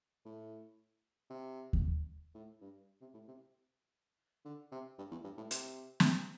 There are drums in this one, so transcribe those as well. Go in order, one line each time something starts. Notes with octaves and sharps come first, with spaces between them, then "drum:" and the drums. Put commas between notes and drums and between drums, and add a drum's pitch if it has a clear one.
A2
C3
drum: kick D#2
A2
G2
C3
A2
C3
D3
C3
G2
E2
G2
A2
C3, drum: hi-hat
drum: snare